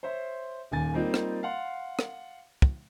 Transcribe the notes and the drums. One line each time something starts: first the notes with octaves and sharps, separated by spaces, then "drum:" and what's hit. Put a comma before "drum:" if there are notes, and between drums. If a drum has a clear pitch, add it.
C5 C#5 E5 C6
D#1 D#2 G#5 A6
G3 A#3 C4 D#4 F4
drum: rim click
F5 F#5 C6
drum: rim click
drum: kick